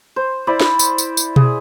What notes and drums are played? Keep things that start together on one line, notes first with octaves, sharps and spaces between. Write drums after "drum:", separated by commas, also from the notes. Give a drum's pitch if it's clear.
C5
E4 C5 D5 B5
drum: snare
drum: tambourine
drum: tambourine
drum: tambourine
G#4, drum: tom B2